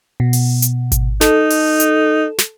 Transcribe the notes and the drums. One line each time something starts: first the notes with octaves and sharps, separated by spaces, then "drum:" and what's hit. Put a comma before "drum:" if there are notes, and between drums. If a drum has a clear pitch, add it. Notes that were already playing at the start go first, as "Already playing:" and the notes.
B2
drum: open hi-hat
drum: hi-hat
drum: kick G#1, hi-hat
D#4 A4, drum: snare
drum: open hi-hat
drum: hi-hat
drum: snare